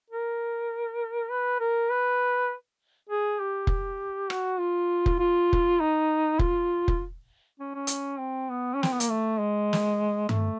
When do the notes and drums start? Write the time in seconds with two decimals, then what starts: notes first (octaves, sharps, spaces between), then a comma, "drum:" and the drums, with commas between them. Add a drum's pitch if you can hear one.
0.10 A#4
1.30 B4
1.60 A#4
1.91 B4
3.09 G#4
3.40 G4
3.67 drum: kick
4.30 F#4, drum: rim click
4.59 F4
5.06 drum: kick
5.19 F4
5.53 drum: kick
5.80 D#4
6.39 F4, drum: kick
6.88 drum: kick
7.60 C#4
7.75 C#4
7.87 drum: hi-hat
8.19 C4
8.50 B3
8.74 C#4
8.83 C4, drum: snare
8.92 B3
9.00 A#3, drum: hi-hat
9.09 A3
9.40 G#3
9.73 drum: snare
10.29 A3, drum: tom G2